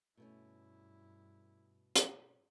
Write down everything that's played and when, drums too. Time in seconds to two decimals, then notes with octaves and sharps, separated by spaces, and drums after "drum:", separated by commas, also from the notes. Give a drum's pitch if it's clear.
0.17 G2 B2 A3 C#4 E4
1.96 drum: hi-hat